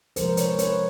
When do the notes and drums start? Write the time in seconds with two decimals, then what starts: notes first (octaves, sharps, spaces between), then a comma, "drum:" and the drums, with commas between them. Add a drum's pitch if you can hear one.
0.16 C3 F3 G#3 A#4 C5, drum: hi-hat
0.37 B4 C#5, drum: hi-hat
0.59 B4 C#5, drum: hi-hat